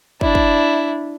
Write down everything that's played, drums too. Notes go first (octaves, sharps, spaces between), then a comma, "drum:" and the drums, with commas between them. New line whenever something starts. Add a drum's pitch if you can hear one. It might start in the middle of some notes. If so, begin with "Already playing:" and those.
D4 E4, drum: kick
drum: kick